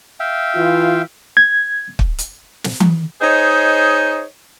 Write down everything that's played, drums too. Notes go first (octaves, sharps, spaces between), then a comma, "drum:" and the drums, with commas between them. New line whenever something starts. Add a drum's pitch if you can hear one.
E5 F5 G5
E3 F4
G#6
drum: kick
drum: hi-hat
drum: snare
drum: tom E3
D#4 G#4 C5 C#5 D#5